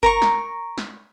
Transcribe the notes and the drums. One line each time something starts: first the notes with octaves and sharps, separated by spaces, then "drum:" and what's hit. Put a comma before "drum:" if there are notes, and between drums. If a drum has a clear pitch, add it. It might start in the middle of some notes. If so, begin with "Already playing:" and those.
A#4 A#5 C#6, drum: kick G1
drum: snare
drum: snare